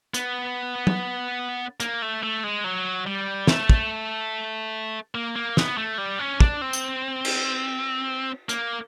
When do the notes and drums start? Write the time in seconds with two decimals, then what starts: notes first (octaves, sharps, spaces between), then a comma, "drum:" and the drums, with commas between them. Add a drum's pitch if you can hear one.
0.14 B3, drum: hi-hat
0.87 drum: tom
1.80 A#3, drum: hi-hat
2.02 A3
2.23 A3
2.44 G#3
2.64 F#3
3.07 G3
3.47 A3, drum: snare
3.70 drum: kick
5.15 A#3
5.36 A#3
5.57 B3, drum: snare
5.78 A3
5.98 G3
6.19 C#4
6.40 D4, drum: kick
6.61 C4
6.73 drum: tambourine
7.25 drum: cymbal
8.49 A#3, drum: hi-hat